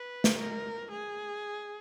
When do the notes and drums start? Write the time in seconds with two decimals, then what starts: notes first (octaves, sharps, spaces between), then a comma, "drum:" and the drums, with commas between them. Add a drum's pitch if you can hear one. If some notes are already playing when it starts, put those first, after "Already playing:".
Already playing: B4
0.24 drum: snare
0.39 A#4
0.91 G#4